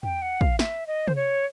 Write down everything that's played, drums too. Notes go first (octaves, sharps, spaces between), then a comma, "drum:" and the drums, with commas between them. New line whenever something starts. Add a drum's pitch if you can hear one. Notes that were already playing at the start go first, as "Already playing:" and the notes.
G5, drum: tom E2
F#5
F5, drum: kick
E5, drum: snare
D#5
C5, drum: tom C3
C#5